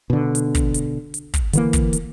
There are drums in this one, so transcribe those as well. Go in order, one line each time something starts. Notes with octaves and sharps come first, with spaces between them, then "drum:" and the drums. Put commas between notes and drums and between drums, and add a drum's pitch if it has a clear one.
B2 D3
drum: hi-hat
drum: kick, hi-hat
drum: hi-hat
drum: hi-hat
drum: kick, hi-hat
D3 E3 A#3, drum: hi-hat
drum: kick, hi-hat
drum: hi-hat